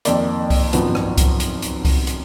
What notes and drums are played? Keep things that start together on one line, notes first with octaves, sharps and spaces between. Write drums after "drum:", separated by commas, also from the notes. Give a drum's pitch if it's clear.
F2 D#3 A#3 D5, drum: hi-hat
drum: kick C2, open hi-hat
G#1 F#2 F3 B3, drum: hi-hat
drum: rim click
drum: kick C2, hi-hat
drum: hi-hat
drum: hi-hat
drum: kick C2, open hi-hat
drum: hi-hat